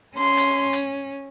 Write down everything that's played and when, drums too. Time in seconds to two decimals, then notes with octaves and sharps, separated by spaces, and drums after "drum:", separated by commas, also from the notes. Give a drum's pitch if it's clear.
0.17 C#4 C6
0.37 drum: hi-hat
0.73 drum: hi-hat